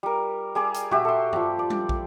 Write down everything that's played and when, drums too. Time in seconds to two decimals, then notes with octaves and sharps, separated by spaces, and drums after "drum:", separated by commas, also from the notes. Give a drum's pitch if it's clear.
0.03 G3 A#4
0.55 G3 G#4 D5
0.74 drum: hi-hat
0.91 F#4 G4 E5, drum: tom
1.05 A4 C6
1.33 F3 G3, drum: tom G2
1.59 D5
1.70 drum: tom G3
1.89 drum: kick